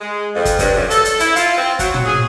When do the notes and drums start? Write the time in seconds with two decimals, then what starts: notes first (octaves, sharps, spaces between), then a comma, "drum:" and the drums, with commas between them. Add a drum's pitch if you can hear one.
0.01 G#3
0.35 F2
0.45 drum: kick, hi-hat
0.59 G2, drum: kick, hi-hat
0.75 F#2
0.90 A4, drum: hi-hat
1.05 drum: hi-hat
1.20 E4, drum: hi-hat
1.36 F4, drum: hi-hat
1.58 C4
1.79 F#3, drum: kick, hi-hat
1.94 drum: tom
2.05 G#4